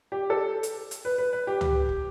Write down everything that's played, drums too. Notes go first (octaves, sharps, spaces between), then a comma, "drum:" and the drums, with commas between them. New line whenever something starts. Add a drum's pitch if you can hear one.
G4
A4
drum: hi-hat
drum: hi-hat
B4
B4
B4
G4
drum: tom C#2
drum: kick